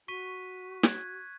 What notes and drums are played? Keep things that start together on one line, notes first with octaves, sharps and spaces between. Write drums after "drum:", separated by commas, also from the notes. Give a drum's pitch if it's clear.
F#4 C#6 B6 D#7
F#6 G#6, drum: snare